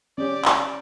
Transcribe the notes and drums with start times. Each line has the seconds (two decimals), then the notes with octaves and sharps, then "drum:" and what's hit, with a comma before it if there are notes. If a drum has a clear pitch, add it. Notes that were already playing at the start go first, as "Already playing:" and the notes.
0.18 C#4 G4 D5
0.45 drum: clap